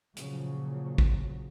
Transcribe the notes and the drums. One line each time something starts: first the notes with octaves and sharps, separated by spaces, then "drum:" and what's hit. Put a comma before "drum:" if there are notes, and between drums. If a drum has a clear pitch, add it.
A#2 C#3 F3 F#3, drum: hi-hat
drum: kick